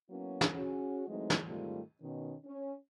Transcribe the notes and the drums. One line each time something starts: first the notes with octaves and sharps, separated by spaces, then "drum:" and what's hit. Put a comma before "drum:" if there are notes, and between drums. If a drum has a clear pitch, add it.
F#3 A#3 B3 C#4 E4 F#4
drum: snare
C#4 F#4 G#4
E3 F#3 G#3 A3 C4 D#4
drum: snare
G#2 D#3 G3 A3 C4 F4
B2 D#3 C#4
C#4